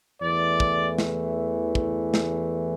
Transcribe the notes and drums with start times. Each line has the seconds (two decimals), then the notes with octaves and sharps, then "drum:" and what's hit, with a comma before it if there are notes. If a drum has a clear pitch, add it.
0.21 E2 E3 A3 D5
0.60 drum: kick
0.98 drum: snare
1.75 drum: kick
2.14 drum: snare